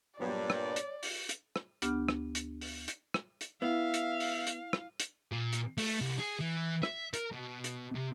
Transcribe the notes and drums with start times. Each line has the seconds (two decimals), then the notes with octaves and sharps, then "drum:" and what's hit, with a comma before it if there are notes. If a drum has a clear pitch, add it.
0.20 G2 A#2 F#3 G3 B3 C#5 D5
0.50 drum: rim click
0.76 drum: hi-hat
1.03 drum: open hi-hat
1.29 drum: hi-hat
1.56 drum: rim click
1.82 D2 B3 D4 G4 F6, drum: hi-hat
2.09 drum: rim click
2.35 drum: hi-hat
2.61 drum: open hi-hat
2.88 drum: hi-hat
3.14 drum: rim click
3.41 drum: hi-hat
3.62 B3 E4 E5 F5
3.94 drum: hi-hat
4.20 drum: open hi-hat
4.47 drum: hi-hat
4.73 drum: rim click
5.00 drum: hi-hat
5.32 A#2
5.52 drum: hi-hat
5.78 A3, drum: open hi-hat
6.01 C2
6.20 G#4
6.41 E3
6.83 E5, drum: rim click
7.14 A#4, drum: hi-hat
7.32 B2
7.64 drum: hi-hat
7.95 C3